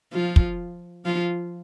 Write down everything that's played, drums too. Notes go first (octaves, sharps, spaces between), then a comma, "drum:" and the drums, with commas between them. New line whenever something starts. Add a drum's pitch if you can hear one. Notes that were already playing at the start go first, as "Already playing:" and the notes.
F3 F4
drum: kick
F3 F4